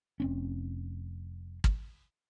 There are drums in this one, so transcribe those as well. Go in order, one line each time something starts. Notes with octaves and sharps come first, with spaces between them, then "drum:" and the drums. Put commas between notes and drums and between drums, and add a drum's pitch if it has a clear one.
F1 C4 C#4
drum: kick